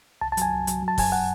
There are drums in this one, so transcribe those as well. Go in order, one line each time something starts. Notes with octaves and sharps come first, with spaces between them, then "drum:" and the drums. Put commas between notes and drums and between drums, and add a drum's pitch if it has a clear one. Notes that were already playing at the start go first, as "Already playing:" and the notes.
C2 A5
A5
F#3 G#5, drum: hi-hat
C2
F#3, drum: hi-hat
F#3
A5
F#2 G#5, drum: kick, open hi-hat
F#5